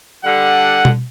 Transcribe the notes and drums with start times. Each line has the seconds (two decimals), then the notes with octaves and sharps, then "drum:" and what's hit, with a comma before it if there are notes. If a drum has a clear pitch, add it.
0.24 D3 G3 F#5
0.85 drum: tom B2